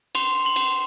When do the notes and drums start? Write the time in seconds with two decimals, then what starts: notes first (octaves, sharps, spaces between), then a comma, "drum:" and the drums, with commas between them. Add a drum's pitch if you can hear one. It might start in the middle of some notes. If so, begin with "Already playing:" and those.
0.15 C6 F7, drum: cymbal
0.45 C6 F#7
0.56 drum: cymbal